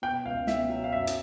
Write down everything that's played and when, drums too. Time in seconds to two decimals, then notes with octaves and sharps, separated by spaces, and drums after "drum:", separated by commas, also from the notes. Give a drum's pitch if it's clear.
0.02 B2 G5
0.25 C#2 F5
0.47 B2 E5, drum: snare
0.70 F#3
0.84 F5
0.92 F#2 E5
1.07 drum: hi-hat